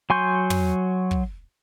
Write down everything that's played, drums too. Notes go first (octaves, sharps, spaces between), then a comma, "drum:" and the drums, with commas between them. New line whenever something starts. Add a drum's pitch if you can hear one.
F#3 G#5 C6 C#6 G6
drum: tom
drum: kick